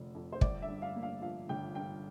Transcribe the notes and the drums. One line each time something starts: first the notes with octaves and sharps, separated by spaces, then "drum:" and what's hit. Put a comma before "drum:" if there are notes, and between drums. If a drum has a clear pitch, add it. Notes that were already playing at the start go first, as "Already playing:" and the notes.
Already playing: F1 F2 D3
F2
C5
G1 D5, drum: kick
E5
G2
F5
A#3
F5
F3 F5
G1 G5
G2 G5